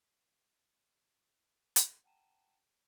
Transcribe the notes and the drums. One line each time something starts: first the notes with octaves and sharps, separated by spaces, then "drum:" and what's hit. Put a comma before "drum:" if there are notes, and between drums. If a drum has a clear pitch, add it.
drum: hi-hat
F#5 G5 A5 A#5 D#7 E7